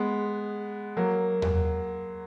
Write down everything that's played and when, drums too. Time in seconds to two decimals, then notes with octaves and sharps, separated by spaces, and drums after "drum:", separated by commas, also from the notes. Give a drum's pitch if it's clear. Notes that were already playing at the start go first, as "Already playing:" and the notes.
Already playing: G#3 B3
0.97 F#3 A#3
1.42 drum: tom E2